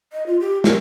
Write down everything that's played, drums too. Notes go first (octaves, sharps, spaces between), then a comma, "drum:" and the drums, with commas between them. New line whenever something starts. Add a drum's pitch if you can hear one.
D#5
F4
G4
A#4, drum: snare